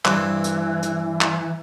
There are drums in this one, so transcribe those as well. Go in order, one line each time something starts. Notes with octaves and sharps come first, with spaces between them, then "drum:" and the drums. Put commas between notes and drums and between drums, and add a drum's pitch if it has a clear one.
G2 E3 C4, drum: clap
drum: hi-hat
drum: hi-hat
drum: clap